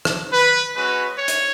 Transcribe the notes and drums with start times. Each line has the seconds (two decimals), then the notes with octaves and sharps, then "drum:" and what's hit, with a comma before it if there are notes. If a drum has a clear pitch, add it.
0.05 drum: rim click
0.32 B4
0.75 G#3 C#4 F#4 B4
1.18 C#5
1.28 drum: hi-hat